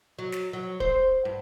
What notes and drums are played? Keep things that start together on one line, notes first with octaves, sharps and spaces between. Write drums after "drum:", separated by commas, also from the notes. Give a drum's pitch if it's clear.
F#3
drum: snare
F#3
C5, drum: kick
G2